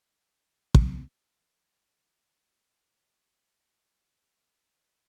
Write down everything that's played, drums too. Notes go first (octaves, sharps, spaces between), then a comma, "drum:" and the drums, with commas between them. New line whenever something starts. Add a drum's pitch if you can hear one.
C#5 G5
drum: kick
E3 A#4 B5
A#4
B4